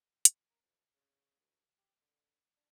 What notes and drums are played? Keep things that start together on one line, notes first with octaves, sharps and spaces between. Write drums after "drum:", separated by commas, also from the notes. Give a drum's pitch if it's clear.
drum: hi-hat
A#4
F2
C#3
D2
G4
D3
D4